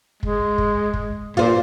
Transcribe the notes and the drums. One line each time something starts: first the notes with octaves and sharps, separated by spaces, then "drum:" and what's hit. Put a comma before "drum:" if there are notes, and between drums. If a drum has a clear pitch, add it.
G#3, drum: kick
drum: kick
drum: kick
A#2 F4 C5